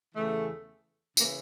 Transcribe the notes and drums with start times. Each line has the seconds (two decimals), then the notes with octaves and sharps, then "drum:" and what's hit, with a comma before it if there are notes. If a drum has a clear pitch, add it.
0.14 E2 C#3 E3 A3
1.17 C#3 E3 A#3, drum: tambourine